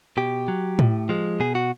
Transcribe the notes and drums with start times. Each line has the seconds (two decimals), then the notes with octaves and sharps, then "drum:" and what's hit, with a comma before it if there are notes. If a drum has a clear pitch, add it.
0.17 B2 G4
0.48 F#3
0.79 A2, drum: tom A2
1.09 F3 G#3
1.40 B2 G#4
1.55 F#4